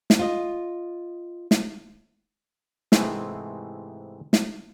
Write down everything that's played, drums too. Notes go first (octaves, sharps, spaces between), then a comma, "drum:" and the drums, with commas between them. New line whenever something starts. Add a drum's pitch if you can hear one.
drum: snare
F4 D#5
drum: snare
G#2 C3 E3 G#3 A3 C4, drum: snare
drum: snare